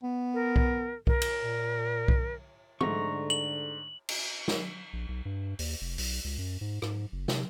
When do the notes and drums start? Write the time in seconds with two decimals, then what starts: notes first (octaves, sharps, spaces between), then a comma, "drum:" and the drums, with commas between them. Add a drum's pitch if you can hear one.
0.03 B3
0.34 A#4
0.56 drum: kick B1
1.07 A#4, drum: kick B1
1.22 drum: cymbal
1.43 A#2
2.08 drum: kick B1
2.81 G#2 D3 A3 A#5 C#6, drum: tom
3.30 F#7
4.09 drum: cymbal
4.48 drum: snare
4.93 A#1
5.08 B1
5.25 G2
5.59 D#2, drum: open hi-hat
5.81 F1
5.98 B1, drum: open hi-hat
6.24 C#2
6.38 F#2
6.61 G#2
6.82 G#2, drum: rim click
7.12 F#1
7.28 C3, drum: snare